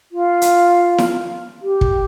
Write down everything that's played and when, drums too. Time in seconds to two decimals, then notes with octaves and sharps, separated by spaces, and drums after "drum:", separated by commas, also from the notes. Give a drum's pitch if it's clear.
0.12 F4
0.41 drum: hi-hat
0.98 drum: snare E4
1.62 G4
1.81 drum: kick